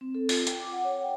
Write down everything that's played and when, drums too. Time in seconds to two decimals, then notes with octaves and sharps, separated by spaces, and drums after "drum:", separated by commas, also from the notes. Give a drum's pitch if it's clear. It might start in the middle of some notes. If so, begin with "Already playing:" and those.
0.01 C4
0.15 A4
0.29 F4, drum: open hi-hat
0.47 G5, drum: hi-hat
0.60 D6
0.72 F#5
0.84 C#5
1.03 G5